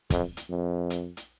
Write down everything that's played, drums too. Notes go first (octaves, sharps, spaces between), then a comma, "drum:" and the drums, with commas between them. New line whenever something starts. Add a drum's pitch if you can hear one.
F2, drum: kick, hi-hat
drum: hi-hat
F2
drum: hi-hat
drum: hi-hat